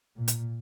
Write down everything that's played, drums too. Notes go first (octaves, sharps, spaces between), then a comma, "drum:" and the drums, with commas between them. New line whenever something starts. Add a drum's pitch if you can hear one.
A#2
drum: hi-hat